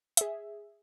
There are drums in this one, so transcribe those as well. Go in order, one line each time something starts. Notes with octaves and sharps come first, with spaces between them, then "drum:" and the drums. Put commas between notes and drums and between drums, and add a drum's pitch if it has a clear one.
G#4 E5, drum: hi-hat